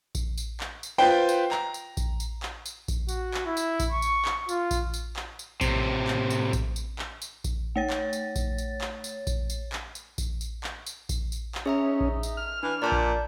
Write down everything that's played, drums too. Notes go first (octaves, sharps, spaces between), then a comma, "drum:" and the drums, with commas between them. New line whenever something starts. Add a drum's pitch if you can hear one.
drum: kick A#1, tambourine
drum: tambourine
drum: clap
drum: tambourine
F4 B4 C5 G5
drum: tambourine
A#5, drum: clap
drum: tambourine
drum: kick A#1, tambourine
drum: tambourine
drum: clap
drum: tambourine
drum: kick A#1, tambourine
F#4, drum: tambourine
drum: clap
E4
drum: tambourine
drum: kick A#1, tambourine
C#6
drum: tambourine
drum: clap
F4, drum: tambourine
drum: kick A#1, tambourine
drum: tambourine
drum: clap
drum: tambourine
A2 C3, drum: kick A#1, tambourine
drum: clap
drum: tambourine
drum: kick A#1, tambourine
drum: tambourine
drum: clap
drum: tambourine
drum: kick A#1, tambourine
A3 C#5 A6
drum: clap
drum: tambourine
drum: kick A#1, tambourine
drum: tambourine
drum: clap
drum: tambourine
drum: kick A#1, tambourine
drum: tambourine
drum: clap
drum: tambourine
drum: kick A#1, tambourine
drum: tambourine
drum: clap
drum: tambourine
drum: kick A#1, tambourine
drum: tambourine
drum: clap
C#4 G#4 E5 A#5
D#4
drum: kick A#1
drum: tambourine
F6
E3 D4
A#2 D5 A5 G6
drum: kick A#1